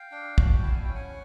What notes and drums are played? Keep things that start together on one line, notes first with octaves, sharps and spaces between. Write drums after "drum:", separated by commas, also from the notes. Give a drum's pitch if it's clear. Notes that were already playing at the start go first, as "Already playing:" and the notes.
Already playing: F5 G5
D4
F#4, drum: kick
E4 A5
G#5
C#4 G5
F#5 G#5